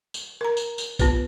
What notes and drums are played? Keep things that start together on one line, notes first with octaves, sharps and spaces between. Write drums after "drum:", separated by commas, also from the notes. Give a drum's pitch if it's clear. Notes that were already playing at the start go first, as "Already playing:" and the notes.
drum: tambourine
A#4 A#5
drum: tambourine
drum: tambourine
B3 F4 G4 B4, drum: kick A#1, tambourine